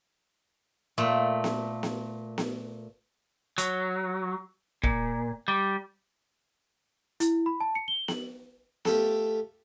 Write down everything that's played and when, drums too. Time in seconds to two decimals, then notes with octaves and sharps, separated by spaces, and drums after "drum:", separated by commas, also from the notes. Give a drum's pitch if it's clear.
0.98 A#2 A3
1.44 drum: snare B3
1.83 drum: snare B3
2.38 drum: snare B3
3.58 F#3, drum: hi-hat
4.83 A#2, drum: kick
5.48 G3
7.20 E4, drum: hi-hat
7.46 B5
7.60 A5
7.75 C#7
7.88 G7
8.08 F#7, drum: snare B3
8.85 A3 F4 G4 A4 A5, drum: snare B3